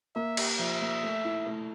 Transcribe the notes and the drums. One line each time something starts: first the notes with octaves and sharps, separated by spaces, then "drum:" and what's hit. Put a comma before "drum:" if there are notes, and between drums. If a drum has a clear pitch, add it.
A#3 E5
G4, drum: cymbal
F3 E5
A#3
A3
E4
A3